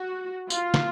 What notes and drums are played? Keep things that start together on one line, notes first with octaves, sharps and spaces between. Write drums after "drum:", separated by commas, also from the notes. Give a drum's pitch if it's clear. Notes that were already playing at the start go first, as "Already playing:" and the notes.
Already playing: F#4
F4, drum: tambourine
drum: snare